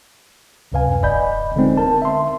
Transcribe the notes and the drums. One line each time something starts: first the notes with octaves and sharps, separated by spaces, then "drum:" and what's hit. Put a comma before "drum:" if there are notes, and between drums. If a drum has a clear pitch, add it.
C#2 F#2 C3 B4 F5 G#5
D5 D#5 G#5 B5 G6, drum: kick D#1
D3 G#3 B3 C4 D#4
A#4 A5
E5 C6